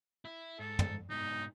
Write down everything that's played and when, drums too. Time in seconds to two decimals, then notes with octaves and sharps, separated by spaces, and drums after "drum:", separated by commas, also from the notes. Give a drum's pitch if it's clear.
0.25 E4
0.60 G#2 A4
0.79 drum: tom
1.10 G#2 B2 D#4